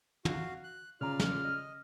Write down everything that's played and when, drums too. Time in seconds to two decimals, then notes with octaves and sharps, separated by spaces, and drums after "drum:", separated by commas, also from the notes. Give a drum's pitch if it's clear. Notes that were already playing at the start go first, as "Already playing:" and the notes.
0.25 F#4 F5, drum: tom
0.64 F#6
1.01 C#3 F4 D5 A#5 F6
1.20 drum: snare
1.44 D#5